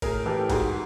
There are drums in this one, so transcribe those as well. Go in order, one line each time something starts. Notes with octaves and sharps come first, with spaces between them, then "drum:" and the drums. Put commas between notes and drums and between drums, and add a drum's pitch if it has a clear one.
A2 G#4 A#4, drum: kick, cymbal
E3 G4 A4
G#2 F#4 G#4, drum: kick, cymbal